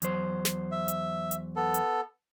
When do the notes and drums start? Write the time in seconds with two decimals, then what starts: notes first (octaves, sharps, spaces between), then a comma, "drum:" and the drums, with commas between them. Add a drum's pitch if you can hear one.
0.02 E2 F#3 C5, drum: hi-hat
0.45 drum: snare
0.72 E5
0.88 drum: hi-hat
1.31 drum: hi-hat
1.56 B3 A4
1.74 drum: hi-hat